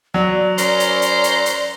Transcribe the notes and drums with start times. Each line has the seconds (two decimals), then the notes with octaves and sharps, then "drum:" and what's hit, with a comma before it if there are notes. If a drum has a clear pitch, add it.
0.14 F#3 D5
0.58 C#4 A#4 C5 A#5, drum: hi-hat
0.80 drum: hi-hat
1.02 drum: hi-hat
1.24 drum: hi-hat
1.46 drum: hi-hat